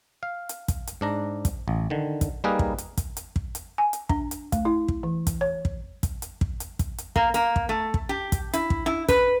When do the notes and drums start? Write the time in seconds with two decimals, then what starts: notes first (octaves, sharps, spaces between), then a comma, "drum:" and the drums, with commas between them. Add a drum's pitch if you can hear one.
0.23 F5
0.49 drum: hi-hat
0.68 drum: kick, hi-hat
0.87 drum: hi-hat
1.01 G#2 D4 A#5
1.45 drum: kick, hi-hat
1.68 A1
1.90 D3 D#3
2.21 drum: kick, hi-hat
2.44 G3 A#3 D#4 G#4 A#4 B4
2.59 drum: kick
2.78 drum: hi-hat
2.97 drum: kick, hi-hat
3.17 drum: hi-hat
3.36 drum: kick
3.55 drum: hi-hat
3.78 G#5
3.93 drum: hi-hat
4.09 D4, drum: kick
4.31 drum: hi-hat
4.52 A3, drum: kick, hi-hat
4.65 E4
4.88 drum: kick
5.03 E3
5.27 drum: kick, hi-hat
5.41 C#5
5.65 drum: kick
6.03 drum: kick, hi-hat
6.22 drum: hi-hat
6.41 drum: kick
6.60 drum: hi-hat
6.79 drum: kick, hi-hat
6.98 drum: hi-hat
7.16 A#3, drum: kick
7.34 A#3, drum: hi-hat
7.56 drum: kick
7.69 A3
7.94 drum: kick
8.09 G4
8.32 drum: kick, hi-hat
8.53 E4, drum: hi-hat
8.70 drum: kick
8.86 E4
9.08 B4, drum: kick, hi-hat